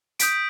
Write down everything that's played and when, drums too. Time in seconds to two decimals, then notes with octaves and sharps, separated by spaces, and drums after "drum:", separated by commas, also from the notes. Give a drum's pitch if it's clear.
0.19 D#6 G6 B6 D7, drum: hi-hat